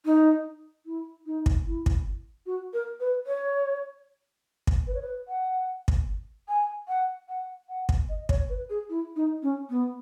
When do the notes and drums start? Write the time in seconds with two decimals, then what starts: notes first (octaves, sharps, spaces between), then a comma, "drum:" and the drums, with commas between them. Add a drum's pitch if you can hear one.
0.06 D#4
0.86 E4
1.26 D#4
1.46 drum: kick
1.66 E4
1.86 drum: kick
2.46 F#4
2.73 A#4
3.00 B4
3.27 C#5
4.67 drum: kick
4.87 B4
4.94 C#5
5.02 B4
5.28 F#5
5.88 drum: kick
6.48 G#5
6.88 F#5
7.29 F#5
7.69 F#5
7.89 drum: kick
8.09 D#5
8.29 C#5, drum: kick
8.49 B4
8.70 G#4
8.90 E4
9.16 D#4
9.43 C#4
9.70 B3